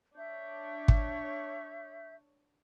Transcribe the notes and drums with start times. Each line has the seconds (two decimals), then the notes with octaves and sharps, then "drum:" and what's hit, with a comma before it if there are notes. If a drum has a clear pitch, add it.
0.15 D4 C#5 E5 G6
0.88 drum: kick